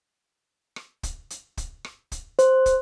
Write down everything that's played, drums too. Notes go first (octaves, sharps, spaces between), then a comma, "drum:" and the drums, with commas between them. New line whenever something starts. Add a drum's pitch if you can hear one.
drum: rim click
drum: kick, hi-hat
drum: hi-hat
drum: kick, hi-hat
drum: rim click
drum: kick, hi-hat
C5, drum: hi-hat
drum: kick, hi-hat